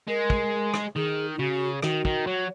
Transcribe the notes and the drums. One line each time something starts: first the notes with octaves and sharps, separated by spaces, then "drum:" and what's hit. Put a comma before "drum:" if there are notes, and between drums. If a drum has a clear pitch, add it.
G#3 A#4
drum: kick
drum: rim click
D#3 G#4
D#4
C#3 F#4
D#3 F#4, drum: rim click
D#3, drum: kick
F#3